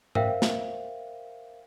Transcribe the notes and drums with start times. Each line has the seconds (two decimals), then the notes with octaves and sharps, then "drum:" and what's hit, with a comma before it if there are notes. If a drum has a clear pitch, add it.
0.15 A#4 C5 E5 F5 G5, drum: tom G#2
0.42 drum: snare